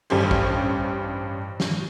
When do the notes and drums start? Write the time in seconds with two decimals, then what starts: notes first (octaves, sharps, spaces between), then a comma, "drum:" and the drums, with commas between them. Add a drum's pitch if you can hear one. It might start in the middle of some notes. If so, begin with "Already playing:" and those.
0.10 A1 G2 C#4 G4 C5, drum: cymbal
0.31 drum: kick
1.60 drum: snare